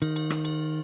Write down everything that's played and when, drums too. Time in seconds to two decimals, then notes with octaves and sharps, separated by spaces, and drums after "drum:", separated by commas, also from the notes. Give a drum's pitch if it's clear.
0.02 D#3, drum: cymbal
0.16 drum: cymbal
0.30 drum: rim click
0.45 drum: cymbal